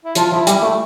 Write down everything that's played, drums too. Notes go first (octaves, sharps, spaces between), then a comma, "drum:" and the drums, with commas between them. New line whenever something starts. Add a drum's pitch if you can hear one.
E4
F3 F4, drum: hi-hat
F3 E4
G3, drum: hi-hat
A3